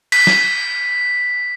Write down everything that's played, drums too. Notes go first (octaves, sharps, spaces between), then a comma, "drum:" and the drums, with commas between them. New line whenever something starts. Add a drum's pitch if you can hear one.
B6, drum: cymbal
drum: snare